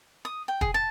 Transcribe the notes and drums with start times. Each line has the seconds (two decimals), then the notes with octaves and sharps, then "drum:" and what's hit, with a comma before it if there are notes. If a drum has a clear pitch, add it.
0.25 D#6
0.48 G5
0.61 G#4, drum: kick
0.74 A5